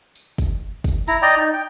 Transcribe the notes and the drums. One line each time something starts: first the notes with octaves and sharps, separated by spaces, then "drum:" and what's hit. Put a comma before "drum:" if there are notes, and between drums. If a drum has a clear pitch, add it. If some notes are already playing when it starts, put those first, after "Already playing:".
drum: tambourine
drum: kick, tambourine
drum: kick, tambourine
E4 A#5, drum: tambourine
D5 D#5 G5 A#5
D#4
G5